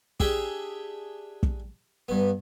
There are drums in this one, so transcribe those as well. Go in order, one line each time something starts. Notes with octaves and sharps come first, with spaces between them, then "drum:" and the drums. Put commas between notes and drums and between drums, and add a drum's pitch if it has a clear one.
D4 G4 G#4 E5 G5, drum: kick
drum: kick
G2 B3